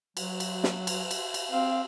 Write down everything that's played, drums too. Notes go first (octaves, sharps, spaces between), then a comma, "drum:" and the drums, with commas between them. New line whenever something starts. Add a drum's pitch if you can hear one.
F#3, drum: cymbal
drum: cymbal
drum: snare
drum: cymbal
drum: cymbal
drum: cymbal
C4 F5